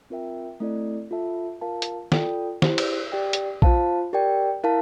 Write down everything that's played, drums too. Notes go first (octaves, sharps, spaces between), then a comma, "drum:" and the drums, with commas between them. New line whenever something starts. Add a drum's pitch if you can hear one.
C4 F4 A#4 E5 G5
A3 C4 E4 A4 D5
F4 A4 E5 A5
F4 A#4 F5 A5
drum: hi-hat
F4 A4 D5 G5, drum: snare
E4 G4 C5, drum: snare
drum: cymbal
G4 D5 G5
drum: hi-hat
F4 C5 F5 A5, drum: kick A#1
G4 A#4 D5 G5
E4 A#4 F5 A5